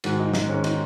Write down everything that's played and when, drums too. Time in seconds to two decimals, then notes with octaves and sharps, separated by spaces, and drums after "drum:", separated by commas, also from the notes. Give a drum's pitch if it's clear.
0.04 G#2 D#3 G#3 F#4, drum: cymbal
0.20 D#4
0.34 D#4, drum: snare
0.49 G#2 D#3 G#3 C#4
0.64 D#4, drum: cymbal